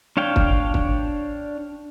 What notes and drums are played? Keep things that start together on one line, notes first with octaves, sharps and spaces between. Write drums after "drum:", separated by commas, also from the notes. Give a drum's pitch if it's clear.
D4 C#5 F5 G5
drum: kick
drum: kick